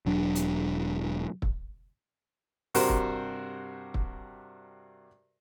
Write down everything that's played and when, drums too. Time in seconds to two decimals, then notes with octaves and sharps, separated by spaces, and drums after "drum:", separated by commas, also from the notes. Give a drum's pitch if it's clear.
0.06 E1 F#3 D4
0.35 drum: hi-hat
1.42 drum: kick
2.75 G2 C3 F#4 A#4 C5, drum: open hi-hat
2.89 drum: kick
3.94 drum: kick